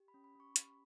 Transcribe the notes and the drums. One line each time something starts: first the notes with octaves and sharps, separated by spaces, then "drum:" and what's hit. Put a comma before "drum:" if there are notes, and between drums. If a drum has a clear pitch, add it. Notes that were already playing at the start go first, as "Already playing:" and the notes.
Already playing: G4
B5
C#4
B5
C#4 C#6
G4 B5, drum: hi-hat